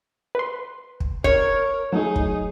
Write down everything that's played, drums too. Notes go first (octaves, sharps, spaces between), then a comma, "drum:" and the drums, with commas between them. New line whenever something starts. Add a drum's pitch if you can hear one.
B4 C6
drum: kick
A#4 C#5, drum: kick
F#3 A3 D#4 G#4
drum: kick